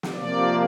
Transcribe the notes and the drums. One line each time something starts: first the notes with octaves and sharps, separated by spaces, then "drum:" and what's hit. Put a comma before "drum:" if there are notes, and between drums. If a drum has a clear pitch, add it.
drum: snare
C3 F3 A#3 D5